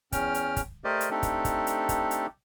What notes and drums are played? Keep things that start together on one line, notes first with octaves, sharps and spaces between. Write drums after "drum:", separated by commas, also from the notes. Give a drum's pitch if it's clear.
E2 C#4 G5 F6, drum: kick, hi-hat
drum: hi-hat
drum: kick, hi-hat
A3 G4 A#4 C5 D5 D#5
drum: hi-hat
A3 C4 D4 D#4 G4 A4
drum: kick, hi-hat
drum: kick, hi-hat
drum: hi-hat
drum: kick, hi-hat
drum: hi-hat